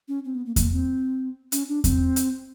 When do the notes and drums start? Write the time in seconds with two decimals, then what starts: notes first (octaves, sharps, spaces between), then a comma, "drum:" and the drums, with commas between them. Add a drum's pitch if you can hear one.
0.08 C#4
0.25 C4
0.35 B3
0.46 A#3
0.56 A#3, drum: kick E2, hi-hat
0.72 C4
1.52 C#4, drum: hi-hat
1.68 D4
1.84 C4, drum: kick E2, hi-hat
2.16 drum: hi-hat